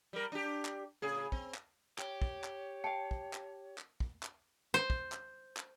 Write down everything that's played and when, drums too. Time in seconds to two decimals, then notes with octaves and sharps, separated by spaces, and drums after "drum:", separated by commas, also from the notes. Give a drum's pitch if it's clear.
0.13 G3 A#4
0.32 D4 G4
0.65 drum: clap
1.02 A2 C#3 G#4
1.32 C4, drum: kick
1.55 drum: clap
1.99 G4 C#5, drum: clap
2.22 drum: kick
2.44 drum: clap
2.84 F5 G5 A5 C#7
3.11 drum: kick
3.33 drum: clap
3.78 drum: clap
4.00 drum: kick
4.23 drum: clap
4.74 C5
4.90 drum: kick
5.12 drum: clap
5.57 drum: clap